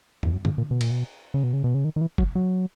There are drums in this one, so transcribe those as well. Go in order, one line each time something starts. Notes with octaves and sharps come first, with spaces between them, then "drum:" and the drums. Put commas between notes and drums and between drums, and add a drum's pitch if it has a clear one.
E2, drum: tom
F#2
G#2, drum: tom D3
A#2
B2
A#2, drum: cymbal
B2
C#3
B2
C#3
B2
C#3
D#3
D#3
E3
F#3, drum: kick
F#3